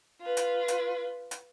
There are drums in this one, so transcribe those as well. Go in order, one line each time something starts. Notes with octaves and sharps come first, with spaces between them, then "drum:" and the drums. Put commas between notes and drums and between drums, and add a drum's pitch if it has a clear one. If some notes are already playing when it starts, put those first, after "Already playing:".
F4 B4
drum: hi-hat
drum: hi-hat
drum: hi-hat